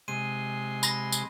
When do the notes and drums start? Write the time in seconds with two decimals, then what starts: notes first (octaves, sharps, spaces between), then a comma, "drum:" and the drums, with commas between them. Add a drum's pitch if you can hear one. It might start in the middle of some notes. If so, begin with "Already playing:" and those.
0.08 C3 G#3 C6 D#7
0.83 B5 A#6, drum: tambourine
1.12 drum: tambourine